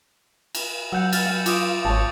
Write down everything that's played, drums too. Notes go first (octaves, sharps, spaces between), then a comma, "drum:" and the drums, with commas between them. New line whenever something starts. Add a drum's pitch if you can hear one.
drum: cymbal
F#3 F#5 E6 G6 C#7
F6 A6, drum: cymbal
F#5
F4 D6 D#6 D7, drum: cymbal
G#1 C#5 A5